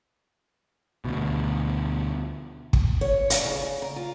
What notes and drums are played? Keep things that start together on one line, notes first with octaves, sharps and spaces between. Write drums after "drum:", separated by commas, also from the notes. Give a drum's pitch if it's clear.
D2 B2
drum: kick
C#5
D5, drum: hi-hat
C#3
A#4
F4